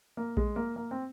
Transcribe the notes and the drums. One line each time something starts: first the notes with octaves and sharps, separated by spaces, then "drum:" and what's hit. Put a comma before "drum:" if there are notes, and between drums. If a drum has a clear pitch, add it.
A#3
G#3, drum: kick A#1
A#3
A#3
C4